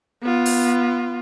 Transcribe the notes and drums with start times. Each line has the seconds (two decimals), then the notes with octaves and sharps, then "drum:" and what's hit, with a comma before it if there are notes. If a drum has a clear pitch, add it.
0.22 B3 F4
0.46 drum: open hi-hat